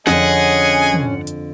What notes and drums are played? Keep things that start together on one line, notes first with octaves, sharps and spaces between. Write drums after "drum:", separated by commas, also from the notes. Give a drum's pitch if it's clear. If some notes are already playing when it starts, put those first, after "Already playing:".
F2 D3 C#4 G#4 D#5 F#5, drum: snare
drum: tom
drum: hi-hat